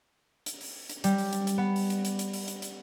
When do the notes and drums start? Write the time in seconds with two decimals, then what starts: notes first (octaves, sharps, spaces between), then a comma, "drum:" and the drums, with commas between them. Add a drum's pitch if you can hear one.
0.46 drum: hi-hat
0.61 drum: open hi-hat
0.90 drum: hi-hat
1.04 G3, drum: hi-hat
1.18 drum: open hi-hat
1.33 drum: hi-hat
1.47 drum: hi-hat
1.58 B3
1.76 drum: open hi-hat
1.90 drum: hi-hat
2.05 drum: hi-hat
2.19 drum: hi-hat
2.33 drum: open hi-hat
2.48 drum: hi-hat
2.62 drum: hi-hat